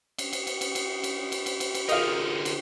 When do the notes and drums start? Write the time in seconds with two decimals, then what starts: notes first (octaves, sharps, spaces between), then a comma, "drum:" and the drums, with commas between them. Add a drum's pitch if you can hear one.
0.18 drum: cymbal
0.33 drum: cymbal
0.47 drum: cymbal
0.61 drum: cymbal
0.75 drum: cymbal
1.04 drum: cymbal
1.32 drum: cymbal
1.46 drum: cymbal
1.60 drum: cymbal
1.74 drum: cymbal
1.89 D3 D#4 F4 G#4 A#4 D#5 F5, drum: cymbal
2.45 drum: cymbal